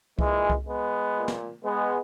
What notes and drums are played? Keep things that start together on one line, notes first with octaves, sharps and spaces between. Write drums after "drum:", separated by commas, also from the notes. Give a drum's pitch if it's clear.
A#2 E3 G#3, drum: kick C2
drum: kick C2
G#3 B3
A#2
drum: snare
G#3 B3